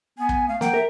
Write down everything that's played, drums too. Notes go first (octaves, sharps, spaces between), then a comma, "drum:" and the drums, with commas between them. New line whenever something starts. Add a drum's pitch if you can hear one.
B3 G#5
drum: kick
A3 F5
A#3 F#5 G5, drum: snare
A#4 E5